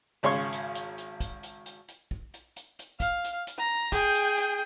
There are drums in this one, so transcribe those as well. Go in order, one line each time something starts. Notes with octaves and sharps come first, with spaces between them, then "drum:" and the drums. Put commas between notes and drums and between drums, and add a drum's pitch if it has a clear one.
G#1 C#3 C#5 C6 C#6
drum: hi-hat
drum: hi-hat
drum: hi-hat
drum: kick, hi-hat
drum: hi-hat
drum: hi-hat
drum: hi-hat
drum: kick
drum: hi-hat
drum: hi-hat
drum: hi-hat
F5, drum: kick, hi-hat
drum: hi-hat
drum: hi-hat
A#5
G#4 G5, drum: kick, hi-hat
drum: hi-hat
drum: hi-hat